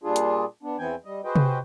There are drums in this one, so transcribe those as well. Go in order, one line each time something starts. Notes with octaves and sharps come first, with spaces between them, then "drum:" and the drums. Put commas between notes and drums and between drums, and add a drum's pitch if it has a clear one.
A#2 G3 D4 F4 G#4
drum: hi-hat
B3 D4
E2 E3 B3 C4 G5 G#5
G3 D#5
F#4 G#4 B4 C5 D#5 G5
drum: tom C3